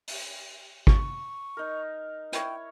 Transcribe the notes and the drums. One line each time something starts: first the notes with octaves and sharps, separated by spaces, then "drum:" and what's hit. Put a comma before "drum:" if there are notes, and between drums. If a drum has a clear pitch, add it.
drum: open hi-hat
C#6, drum: kick G#1
D#4 A#4
E4 C#5 G5, drum: hi-hat